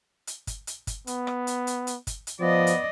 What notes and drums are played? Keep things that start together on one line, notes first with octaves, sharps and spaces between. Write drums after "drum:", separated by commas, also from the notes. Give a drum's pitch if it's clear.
drum: hi-hat
drum: kick G1, hi-hat
drum: hi-hat
drum: kick G1, hi-hat
B3, drum: hi-hat
drum: rim click
drum: hi-hat
drum: hi-hat
drum: hi-hat
drum: kick G1, hi-hat
drum: hi-hat
F3 B3 D5 D#5
drum: hi-hat